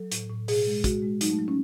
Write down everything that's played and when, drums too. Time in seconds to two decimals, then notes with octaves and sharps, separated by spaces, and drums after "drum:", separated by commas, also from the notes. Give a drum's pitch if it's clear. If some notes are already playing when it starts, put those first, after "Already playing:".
Already playing: F#3 A4
0.12 A2, drum: hi-hat
0.30 A2
0.48 B2 G#4, drum: open hi-hat
0.67 G#3
0.84 G#3 F#4, drum: kick, hi-hat
1.02 G#3
1.21 F#3 D#4, drum: hi-hat
1.30 A3
1.39 F#3
1.48 C#4